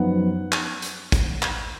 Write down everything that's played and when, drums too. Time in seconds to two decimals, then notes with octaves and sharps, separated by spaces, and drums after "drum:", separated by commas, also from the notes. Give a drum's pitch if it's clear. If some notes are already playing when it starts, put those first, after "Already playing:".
Already playing: F#2 F3 B3 D#4 F#5
0.52 drum: clap
0.82 drum: hi-hat
1.12 drum: kick, hi-hat
1.42 drum: clap